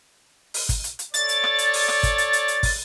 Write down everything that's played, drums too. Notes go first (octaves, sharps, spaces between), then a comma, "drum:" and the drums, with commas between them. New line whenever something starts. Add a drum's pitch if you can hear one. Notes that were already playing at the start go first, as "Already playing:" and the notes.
drum: open hi-hat
drum: kick, hi-hat
drum: hi-hat
drum: hi-hat
A4 C#5 D5 A6, drum: hi-hat
drum: hi-hat
drum: rim click
drum: hi-hat
drum: open hi-hat
drum: rim click
drum: kick, hi-hat
drum: hi-hat
drum: hi-hat
drum: hi-hat
drum: kick, open hi-hat